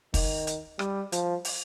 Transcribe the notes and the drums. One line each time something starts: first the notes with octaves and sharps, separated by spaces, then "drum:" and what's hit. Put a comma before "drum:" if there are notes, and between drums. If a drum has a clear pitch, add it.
D#3, drum: kick, open hi-hat
drum: hi-hat
G3, drum: rim click
F3, drum: hi-hat
drum: open hi-hat